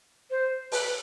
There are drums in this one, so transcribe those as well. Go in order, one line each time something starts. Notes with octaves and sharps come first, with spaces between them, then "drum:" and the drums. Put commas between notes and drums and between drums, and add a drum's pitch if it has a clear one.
C5
B4, drum: open hi-hat